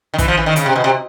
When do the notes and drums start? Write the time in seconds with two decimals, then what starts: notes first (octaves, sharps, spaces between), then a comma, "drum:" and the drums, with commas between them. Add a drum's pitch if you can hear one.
0.14 D#3
0.18 E3, drum: kick, hi-hat
0.28 F3
0.37 E3
0.46 D#3
0.56 C#3, drum: hi-hat
0.66 C3
0.76 B2
0.84 C3